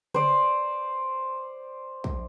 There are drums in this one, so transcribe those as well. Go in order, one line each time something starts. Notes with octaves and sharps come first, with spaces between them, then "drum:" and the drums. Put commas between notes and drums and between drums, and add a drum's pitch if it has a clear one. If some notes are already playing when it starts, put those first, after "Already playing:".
C5 D5, drum: tom C#3
drum: kick